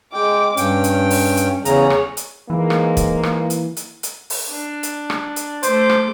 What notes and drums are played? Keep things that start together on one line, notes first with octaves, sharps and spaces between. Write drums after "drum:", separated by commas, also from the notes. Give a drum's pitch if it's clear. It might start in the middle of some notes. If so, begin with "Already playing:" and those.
G#3 G5 D6
G2 C#4 G5, drum: hi-hat
drum: hi-hat
drum: open hi-hat
drum: hi-hat
E2 C#3 G#4 C#5 A#5, drum: hi-hat
drum: rim click
drum: hi-hat
G#2 E3 A#3
drum: rim click
drum: kick, hi-hat
drum: rim click
drum: hi-hat
drum: hi-hat
drum: hi-hat
drum: open hi-hat
D4
drum: hi-hat
drum: rim click
drum: hi-hat
A3 C5 D6, drum: hi-hat
drum: rim click